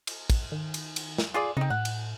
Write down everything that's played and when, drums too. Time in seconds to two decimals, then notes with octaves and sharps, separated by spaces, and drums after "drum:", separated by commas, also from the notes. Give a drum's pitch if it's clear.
0.07 drum: cymbal
0.30 drum: kick, cymbal
0.52 D#3
0.74 drum: cymbal
0.96 drum: cymbal
1.18 drum: snare
1.34 F4 G#4 D5
1.57 C#3 C4 D#4
1.70 A2 F#5
1.85 drum: cymbal